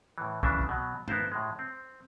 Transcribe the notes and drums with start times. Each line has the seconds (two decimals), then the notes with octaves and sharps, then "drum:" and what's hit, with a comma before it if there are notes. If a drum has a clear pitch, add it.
0.18 A2 E3
0.43 C#3 E3 D4 E5, drum: kick
0.59 drum: kick
0.69 B2 F#3
1.08 B3 E4 A#4 C5 A5, drum: tom G2
1.32 A2 G#3
1.59 C4